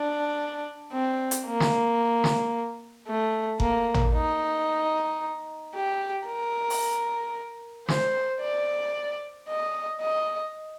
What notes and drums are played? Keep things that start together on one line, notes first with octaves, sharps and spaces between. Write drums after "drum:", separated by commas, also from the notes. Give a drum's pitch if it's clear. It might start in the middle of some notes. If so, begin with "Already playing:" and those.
Already playing: D4
C4
drum: hi-hat
A#3
drum: snare
drum: snare
A3
A#3, drum: kick F#1
drum: tom
D#4
G4
A#4
drum: open hi-hat
C5, drum: snare
D5
D#5
D#5